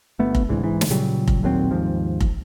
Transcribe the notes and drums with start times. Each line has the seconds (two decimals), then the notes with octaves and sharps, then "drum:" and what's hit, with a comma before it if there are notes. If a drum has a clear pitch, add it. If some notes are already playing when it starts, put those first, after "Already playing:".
0.19 G1 A3 B3
0.35 drum: kick F1
0.49 C2 G#2 D3 E3
0.63 G#2 E3
0.81 drum: snare
0.90 A#2 C#3 F#3 G3
1.28 drum: kick F1
1.43 D#2 A#2 F#3 C4
1.71 D#2 G#2 F3
2.21 drum: kick F1